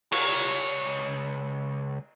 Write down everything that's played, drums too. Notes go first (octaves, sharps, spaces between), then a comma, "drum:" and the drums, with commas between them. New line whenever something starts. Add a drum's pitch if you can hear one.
C#2 C#5, drum: cymbal